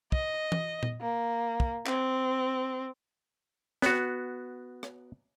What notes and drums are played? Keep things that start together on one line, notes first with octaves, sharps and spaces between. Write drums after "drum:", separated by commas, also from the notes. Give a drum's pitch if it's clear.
D#5, drum: kick
drum: tom E3
drum: tom A#2
A#3
drum: kick
C4, drum: clap
B3 F#4, drum: snare
drum: rim click